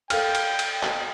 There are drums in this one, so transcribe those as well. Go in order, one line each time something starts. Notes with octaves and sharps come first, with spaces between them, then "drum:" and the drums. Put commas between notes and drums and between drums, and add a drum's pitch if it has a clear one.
A4 F5 G5 F6, drum: cymbal
drum: cymbal
drum: cymbal
drum: clap